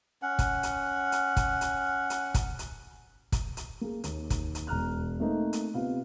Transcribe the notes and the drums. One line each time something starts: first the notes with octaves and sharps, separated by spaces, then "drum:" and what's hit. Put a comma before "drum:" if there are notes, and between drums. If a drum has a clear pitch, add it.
C#4 F#5
drum: kick, hi-hat
drum: hi-hat
drum: hi-hat
drum: kick, hi-hat
drum: hi-hat
drum: hi-hat
drum: kick, hi-hat
drum: hi-hat
drum: kick, hi-hat
drum: hi-hat
A#3 G#4
D#2, drum: hi-hat
drum: kick, hi-hat
drum: hi-hat
E1 A#5 F6 F#6
A3 A#3 C4 D#4
drum: hi-hat
C3 B3 F4 F5